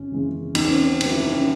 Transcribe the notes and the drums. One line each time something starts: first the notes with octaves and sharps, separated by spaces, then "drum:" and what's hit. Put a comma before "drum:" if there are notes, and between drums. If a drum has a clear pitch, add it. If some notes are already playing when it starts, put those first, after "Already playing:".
Already playing: G#1 C#4
F#2 C#3 E3 G#3
E2 D#4, drum: cymbal
C#4
C4
C#4
C3 D#3 F#3, drum: cymbal
E4
D#4
C#4